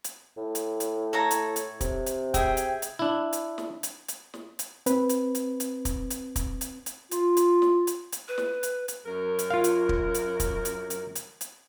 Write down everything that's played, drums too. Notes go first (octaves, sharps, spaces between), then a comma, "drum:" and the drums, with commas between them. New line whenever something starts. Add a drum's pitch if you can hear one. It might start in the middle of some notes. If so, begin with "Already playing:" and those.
drum: hi-hat
A2
drum: hi-hat
drum: hi-hat
A4 C#5 A#5
drum: hi-hat
drum: hi-hat
C3, drum: kick, hi-hat
drum: hi-hat
G#4 E5 G5, drum: kick, hi-hat
drum: hi-hat
drum: hi-hat
D4 E4
drum: hi-hat
drum: snare
drum: hi-hat
drum: hi-hat
drum: snare
drum: hi-hat
C4 B4, drum: hi-hat
drum: hi-hat
drum: hi-hat
drum: hi-hat
drum: kick, hi-hat
drum: hi-hat
drum: kick, hi-hat
drum: hi-hat
drum: hi-hat
F4, drum: hi-hat
drum: hi-hat
drum: snare
drum: hi-hat
drum: hi-hat
B4
drum: snare
drum: hi-hat
drum: hi-hat
F#2 A#4
drum: hi-hat
F4 F5
drum: hi-hat
drum: kick
drum: hi-hat
drum: kick, hi-hat
drum: hi-hat
drum: hi-hat
drum: hi-hat
drum: hi-hat